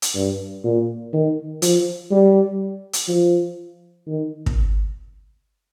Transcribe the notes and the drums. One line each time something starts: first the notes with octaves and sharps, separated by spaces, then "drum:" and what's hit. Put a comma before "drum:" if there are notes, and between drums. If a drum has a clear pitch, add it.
drum: hi-hat
G2
A#2
D#3
F3, drum: hi-hat
G3
drum: hi-hat
F3
D#3
drum: kick